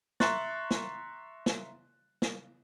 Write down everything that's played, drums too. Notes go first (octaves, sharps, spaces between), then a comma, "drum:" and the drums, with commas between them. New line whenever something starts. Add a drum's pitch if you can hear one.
E5 A#5 C6 C#6 F#6 A6, drum: snare
drum: snare
drum: snare
drum: snare